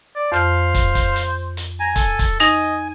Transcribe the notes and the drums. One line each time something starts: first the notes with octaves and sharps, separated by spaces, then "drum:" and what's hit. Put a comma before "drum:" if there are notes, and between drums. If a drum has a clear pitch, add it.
D5
F2 C5 F5 F6 G6
drum: kick, hi-hat
drum: kick, hi-hat
drum: hi-hat
drum: hi-hat
G#5 A#5
A4, drum: kick, hi-hat
drum: kick, hi-hat
D#4 D#5 G#5 A#6, drum: hi-hat